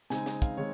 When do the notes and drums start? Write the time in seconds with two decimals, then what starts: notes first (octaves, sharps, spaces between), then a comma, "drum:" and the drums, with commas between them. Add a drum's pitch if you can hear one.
0.10 C#3 G#3 C4 D#4 G#5, drum: snare
0.26 drum: snare
0.42 F5, drum: kick, hi-hat
0.57 D#3 G#3 C4 C#5